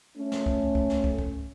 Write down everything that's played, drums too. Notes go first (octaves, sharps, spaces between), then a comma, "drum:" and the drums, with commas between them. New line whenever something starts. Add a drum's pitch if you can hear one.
A3 C#4
drum: snare
drum: kick
drum: kick
drum: snare
drum: kick
drum: kick